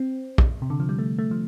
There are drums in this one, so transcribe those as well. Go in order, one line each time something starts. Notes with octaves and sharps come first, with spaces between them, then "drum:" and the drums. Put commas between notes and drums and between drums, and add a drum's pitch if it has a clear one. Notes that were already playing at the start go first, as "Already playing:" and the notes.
Already playing: C4
drum: kick
C3
D3
F3
G3
A3
A3
F3